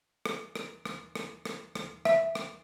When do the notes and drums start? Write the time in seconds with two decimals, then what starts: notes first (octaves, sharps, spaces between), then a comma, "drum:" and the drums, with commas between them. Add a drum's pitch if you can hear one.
0.25 drum: rim click
0.55 drum: rim click
0.85 drum: rim click
1.15 drum: rim click
1.45 drum: rim click
1.75 drum: rim click
2.05 E5, drum: rim click
2.35 drum: rim click